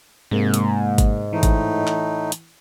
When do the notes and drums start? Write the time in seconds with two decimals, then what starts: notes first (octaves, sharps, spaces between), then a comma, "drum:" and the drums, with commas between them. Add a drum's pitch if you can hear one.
0.31 G#2 C3 G#3 A#3
0.54 drum: hi-hat
0.98 drum: kick G#1, hi-hat
1.33 A2 E3 A3 D#4
1.43 drum: kick G#1, hi-hat
1.87 drum: clap
2.32 drum: hi-hat